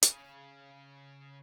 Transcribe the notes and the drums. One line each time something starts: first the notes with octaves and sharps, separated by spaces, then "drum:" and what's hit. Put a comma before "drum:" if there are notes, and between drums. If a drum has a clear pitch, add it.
C#3 G#4, drum: hi-hat